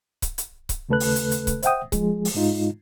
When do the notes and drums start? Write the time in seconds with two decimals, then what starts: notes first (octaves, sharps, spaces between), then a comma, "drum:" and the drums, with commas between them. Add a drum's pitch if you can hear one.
0.22 drum: kick C#1, hi-hat
0.38 drum: hi-hat
0.69 drum: kick C#1, hi-hat
0.89 D#2 C#3 A3 A4 B4 F#6
1.00 drum: open hi-hat
1.16 drum: hi-hat
1.31 drum: hi-hat
1.47 drum: kick C#1, hi-hat
1.63 C5 E5 F#5 G5 D#6, drum: hi-hat
1.92 F3 G#3 G#4, drum: kick C#1, hi-hat
2.25 drum: open hi-hat
2.34 G#2 G#3 D#4 F4